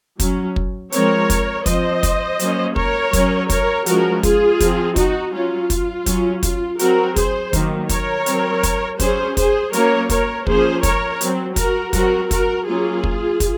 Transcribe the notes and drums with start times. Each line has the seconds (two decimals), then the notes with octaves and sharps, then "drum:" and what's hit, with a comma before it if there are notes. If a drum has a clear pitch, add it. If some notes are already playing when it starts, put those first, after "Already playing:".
0.20 F#3 C#4, drum: kick, hi-hat
0.56 drum: kick
0.92 F3 G#3 C4 A#4 C#5, drum: hi-hat
1.30 drum: kick, hi-hat
1.66 F3 C4 C5 D#5, drum: kick, hi-hat
2.03 drum: kick, hi-hat
2.39 F#3 A#3 C#4, drum: hi-hat
2.76 A#4 C#5, drum: kick
3.13 F#3 C#4, drum: kick, hi-hat
3.50 A#4 C#5, drum: kick, hi-hat
3.86 F3 G#3 C#4 F#4 A#4, drum: hi-hat
4.23 F4 G#4, drum: kick, hi-hat
4.60 F3 C4, drum: kick, hi-hat
4.96 D#4 F#4, drum: kick, hi-hat
5.33 F#3 C#4 F4
5.70 drum: kick, hi-hat
6.06 F#3 C#4, drum: kick, hi-hat
6.43 F4, drum: kick, hi-hat
6.79 F#3 C4 F#4 A#4, drum: hi-hat
7.16 G#4 C5, drum: kick, hi-hat
7.53 D#3 F#3 A#3, drum: kick, hi-hat
7.89 A#4 C#5, drum: kick, hi-hat
8.26 F#3 C4, drum: hi-hat
8.63 drum: kick, hi-hat
9.00 F#3 C#4 G#4 C5, drum: kick, hi-hat
9.37 G#4 C5, drum: kick, hi-hat
9.73 F#3 A#3 C#4 A#4 C#5, drum: hi-hat
10.10 A#4 C#5, drum: kick, hi-hat
10.47 F3 A#3 C#4 G#4 C5, drum: kick
10.83 A#4 C#5, drum: kick, hi-hat
11.21 F#3 C4, drum: hi-hat
11.56 F#4 A#4, drum: kick, hi-hat
11.93 F#3 C4 F#4 A#4, drum: kick, hi-hat
12.31 F#4 A#4, drum: kick, hi-hat
12.66 F#3 A#3 C#4 F4 G#4
13.04 drum: kick
13.40 drum: kick, hi-hat